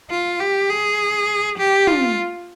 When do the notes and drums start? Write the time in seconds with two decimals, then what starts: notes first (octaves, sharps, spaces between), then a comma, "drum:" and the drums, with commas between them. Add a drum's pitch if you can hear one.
0.10 F4
0.40 G4
0.70 G#4
1.58 G4
1.87 F4, drum: tom